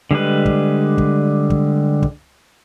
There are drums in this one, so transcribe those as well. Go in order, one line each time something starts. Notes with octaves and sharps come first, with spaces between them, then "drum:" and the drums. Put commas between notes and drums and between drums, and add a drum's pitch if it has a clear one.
D3 G3 G#3 B4
drum: kick
drum: kick
drum: kick
drum: kick